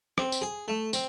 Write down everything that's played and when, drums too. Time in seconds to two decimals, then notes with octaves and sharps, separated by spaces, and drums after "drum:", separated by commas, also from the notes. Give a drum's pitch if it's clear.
0.18 C4, drum: rim click
0.32 drum: tambourine
0.42 G#4
0.68 A3
0.93 C4, drum: tambourine